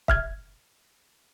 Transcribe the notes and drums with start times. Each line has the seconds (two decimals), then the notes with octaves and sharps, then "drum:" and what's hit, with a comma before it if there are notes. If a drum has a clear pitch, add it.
0.08 E5 F6 G#6, drum: kick